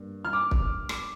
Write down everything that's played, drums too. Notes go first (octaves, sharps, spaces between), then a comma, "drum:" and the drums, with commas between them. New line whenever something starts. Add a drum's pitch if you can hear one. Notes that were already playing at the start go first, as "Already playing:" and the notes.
Already playing: G2 A#3
F6
D6
drum: kick
drum: rim click